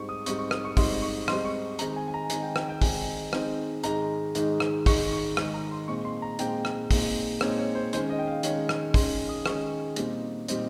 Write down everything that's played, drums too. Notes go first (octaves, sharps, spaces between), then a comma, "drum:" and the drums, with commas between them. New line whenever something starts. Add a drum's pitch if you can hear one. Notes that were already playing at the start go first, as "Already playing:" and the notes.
Already playing: G#2 G3 C4 D#4 C#6
D#6
G#2 G3 C4 D#4 C#6, drum: hi-hat
C#6
D#6, drum: rim click
C#6
G#2 G3 C4 D#4 C6, drum: kick, open hi-hat
C#6
G#2 G3 C4 D#4 C6, drum: rim click
C#6
D#3 G#3 C4 D#4 A#5, drum: hi-hat
G#5
G#5
A#5
D#3 G#3 C4 D#4 G#5, drum: hi-hat
G5
G5, drum: rim click
G5
D#3 G#3 C4 D#4 G#5, drum: kick, open hi-hat
D#3 G#3 C4 D#4, drum: rim click
G#2 D#3 G#3 D#4 A#5, drum: hi-hat
G#2 D#3 G#3 D#4, drum: hi-hat
drum: rim click
G#2 D#3 G#3 D#4 C#6, drum: kick, open hi-hat
C#6
G#2 D#3 G#3 D#4, drum: rim click
A#5
C6
A#2 G#3 C4 D#4 C#6
C6
A#5
A#2 G#3 C4 D#4 G5, drum: hi-hat
drum: rim click
A#2 G#3 C4 D#4, drum: kick, open hi-hat
A#2 G#3 C4 D#4 C#5, drum: rim click
C#5
C5
D#3 G#3 C#4 C5, drum: hi-hat
D#5
G5
F5
D#3 G#3 C#4 C#5, drum: hi-hat
drum: rim click
D#3 G#3 C#4 C6, drum: kick, open hi-hat
D#6
D#3 G#3 C#4 C#6, drum: rim click
A#2 G3 C4 D#4, drum: hi-hat
A#2 G3 C4 D#4, drum: hi-hat